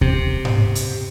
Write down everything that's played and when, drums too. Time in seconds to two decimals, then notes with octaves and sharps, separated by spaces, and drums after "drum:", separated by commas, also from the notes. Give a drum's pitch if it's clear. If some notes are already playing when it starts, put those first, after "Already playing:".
0.01 C3, drum: kick D#2
0.45 drum: tom G#2
0.75 drum: hi-hat